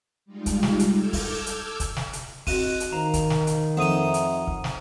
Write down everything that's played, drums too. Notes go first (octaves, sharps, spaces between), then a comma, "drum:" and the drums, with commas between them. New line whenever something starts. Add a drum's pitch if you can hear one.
G3 G#3 D#4 F4
drum: kick, hi-hat
drum: snare
drum: hi-hat
A4 D6 E6 F6 G6 G#6
drum: kick, open hi-hat
drum: hi-hat
drum: kick, hi-hat
drum: snare
drum: hi-hat
C4 F#4 D#5 D#7, drum: kick, open hi-hat
drum: hi-hat
D#3 C5 F5 A#5
drum: kick, hi-hat
drum: snare
drum: hi-hat
F2 D#4 E5 F#5 A#5 D#6 D#7
drum: hi-hat
drum: kick
drum: snare